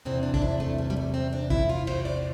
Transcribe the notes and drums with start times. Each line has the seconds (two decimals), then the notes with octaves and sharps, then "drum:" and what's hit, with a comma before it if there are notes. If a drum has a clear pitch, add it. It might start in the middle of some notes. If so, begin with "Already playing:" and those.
0.05 E2 C3 E3 C4
0.23 D4
0.34 D4, drum: kick A#1
0.42 E4
0.60 A3
0.78 G3
0.90 G3
0.97 A3
1.14 C4
1.33 D4
1.50 E4, drum: kick A#1
1.69 F4
1.87 C5, drum: cymbal
2.05 D5